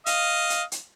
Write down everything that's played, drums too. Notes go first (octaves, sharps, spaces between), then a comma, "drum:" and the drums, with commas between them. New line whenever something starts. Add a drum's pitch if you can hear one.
D#5 F5, drum: hi-hat
drum: hi-hat
drum: hi-hat